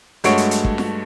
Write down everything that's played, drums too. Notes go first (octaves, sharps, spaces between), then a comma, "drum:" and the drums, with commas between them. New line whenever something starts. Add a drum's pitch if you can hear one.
G2 G#3 A3 F#4 C#5 D7, drum: hi-hat
drum: hi-hat
drum: hi-hat
drum: kick
drum: snare F4